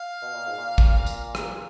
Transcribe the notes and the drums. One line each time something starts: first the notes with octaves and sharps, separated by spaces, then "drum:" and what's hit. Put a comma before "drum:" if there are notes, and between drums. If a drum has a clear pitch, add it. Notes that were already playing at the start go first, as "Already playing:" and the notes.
Already playing: F5
B2
A#2
G#2
A#2
drum: kick
drum: tambourine
drum: rim click